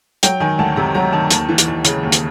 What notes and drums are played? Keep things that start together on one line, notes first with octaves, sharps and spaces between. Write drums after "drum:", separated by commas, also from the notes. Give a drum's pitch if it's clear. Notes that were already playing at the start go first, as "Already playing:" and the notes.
F#3 G5, drum: hi-hat
D#3 G#5
D2 A5
C3 A#5
F#3 A#5
D#3 A5
D#2 A5, drum: hi-hat
E3
drum: hi-hat
D#2
C#3, drum: hi-hat
D#2
drum: hi-hat